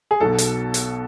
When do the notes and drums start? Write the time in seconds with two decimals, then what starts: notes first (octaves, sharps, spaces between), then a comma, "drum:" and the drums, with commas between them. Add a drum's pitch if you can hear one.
0.11 G#4
0.20 B1 B2 A4
0.38 drum: hi-hat
0.74 drum: hi-hat